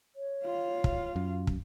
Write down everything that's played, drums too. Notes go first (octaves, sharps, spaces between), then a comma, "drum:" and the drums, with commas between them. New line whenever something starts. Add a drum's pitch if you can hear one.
C#5
F4 F5
drum: kick
F#2
drum: kick